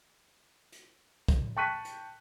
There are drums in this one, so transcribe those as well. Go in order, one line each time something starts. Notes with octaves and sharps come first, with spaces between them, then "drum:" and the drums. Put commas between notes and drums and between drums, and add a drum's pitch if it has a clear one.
drum: hi-hat
drum: kick, hi-hat
G5 A5 C#6 F#6 B6 D#7
drum: hi-hat